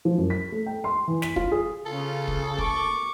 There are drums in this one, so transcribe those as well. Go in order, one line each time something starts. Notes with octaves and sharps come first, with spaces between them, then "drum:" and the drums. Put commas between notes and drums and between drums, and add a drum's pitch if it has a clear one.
F3
F#2
B6
A3
G5
C6
E3
B6, drum: snare
F4, drum: kick
G#4
C#3 C#4 F4 A4
drum: kick
C#6 D6, drum: kick